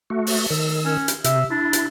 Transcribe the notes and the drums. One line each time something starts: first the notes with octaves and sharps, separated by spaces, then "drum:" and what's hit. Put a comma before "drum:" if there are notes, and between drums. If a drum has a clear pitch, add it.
A3 F#4
drum: open hi-hat
D#3 E6
C#4
drum: hi-hat
C3 E5, drum: hi-hat
D4 E4
drum: hi-hat